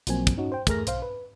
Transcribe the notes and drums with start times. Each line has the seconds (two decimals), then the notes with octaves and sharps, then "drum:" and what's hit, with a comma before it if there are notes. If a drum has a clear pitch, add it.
0.07 B1 F3 F#3 A#3 C4 G#5, drum: hi-hat
0.27 drum: kick, hi-hat
0.38 C#4 D#4 F#4
0.52 C5 G5
0.67 E2 A3 G#4 A#4 F6 A#6, drum: kick, hi-hat
0.87 B1 C5 F5, drum: hi-hat
1.02 B4